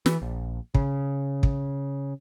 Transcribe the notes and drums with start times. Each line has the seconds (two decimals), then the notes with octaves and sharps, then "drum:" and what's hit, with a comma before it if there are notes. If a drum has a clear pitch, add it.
0.06 E3, drum: snare
0.22 A#1
0.74 C#3, drum: kick
1.43 drum: kick